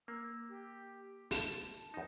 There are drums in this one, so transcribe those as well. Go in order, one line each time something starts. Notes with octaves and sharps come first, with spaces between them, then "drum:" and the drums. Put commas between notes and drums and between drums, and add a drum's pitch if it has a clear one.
A#3 E6
G4
A5, drum: open hi-hat
E2 D#4